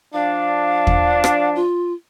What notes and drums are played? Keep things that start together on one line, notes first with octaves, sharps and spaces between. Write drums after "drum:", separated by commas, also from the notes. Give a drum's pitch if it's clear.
F3 D4 F5
drum: kick
drum: rim click
F4